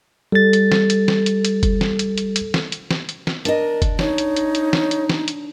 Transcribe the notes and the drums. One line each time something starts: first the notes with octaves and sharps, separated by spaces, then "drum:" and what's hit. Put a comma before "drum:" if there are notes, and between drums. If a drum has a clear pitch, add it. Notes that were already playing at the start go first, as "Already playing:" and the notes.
G3 A4 A6
drum: hi-hat
drum: snare
drum: hi-hat
drum: snare
drum: hi-hat
drum: hi-hat
drum: kick F#1, hi-hat
drum: snare
drum: hi-hat
drum: hi-hat
drum: hi-hat
drum: snare
drum: hi-hat
drum: snare
drum: hi-hat
drum: snare
D4 A#4 D#5, drum: hi-hat
drum: kick F#1, hi-hat
D#4 C#5, drum: snare
drum: hi-hat
drum: hi-hat
drum: hi-hat
drum: snare
drum: hi-hat
drum: snare
drum: hi-hat